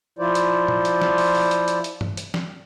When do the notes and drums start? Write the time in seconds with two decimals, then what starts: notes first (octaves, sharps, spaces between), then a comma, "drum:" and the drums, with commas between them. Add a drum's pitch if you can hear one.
0.19 F3 E4 F4 C5 D5
0.35 drum: hi-hat
0.68 drum: tom A#2
0.85 drum: hi-hat
1.02 drum: snare
1.18 drum: open hi-hat
1.35 drum: open hi-hat
1.51 drum: hi-hat
1.68 drum: hi-hat
1.84 drum: hi-hat
2.01 drum: tom G2
2.17 drum: hi-hat
2.34 drum: snare